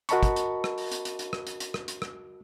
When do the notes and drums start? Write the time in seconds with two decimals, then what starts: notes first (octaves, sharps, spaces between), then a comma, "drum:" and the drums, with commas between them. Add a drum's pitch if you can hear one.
0.09 F#4 A#4 D#5 A5 B5 C#6, drum: hi-hat
0.23 drum: kick, hi-hat
0.36 drum: hi-hat
0.64 drum: rim click
0.78 drum: open hi-hat
0.92 drum: hi-hat
1.05 drum: hi-hat
1.19 drum: hi-hat
1.33 drum: rim click
1.47 drum: hi-hat
1.60 drum: hi-hat
1.74 drum: rim click
1.88 drum: hi-hat
2.02 drum: rim click